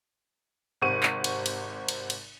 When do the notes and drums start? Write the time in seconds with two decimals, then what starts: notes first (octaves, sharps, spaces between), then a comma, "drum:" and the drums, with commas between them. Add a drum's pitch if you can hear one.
0.82 G#1 C3 F#5 C#6 D#7
1.03 drum: clap
1.24 drum: cymbal
1.46 drum: cymbal
1.88 drum: cymbal
2.10 drum: cymbal